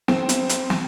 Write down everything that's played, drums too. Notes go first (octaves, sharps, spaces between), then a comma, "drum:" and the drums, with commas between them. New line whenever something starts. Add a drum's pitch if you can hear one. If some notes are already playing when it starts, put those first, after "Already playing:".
C4, drum: snare
drum: hi-hat
drum: hi-hat
drum: snare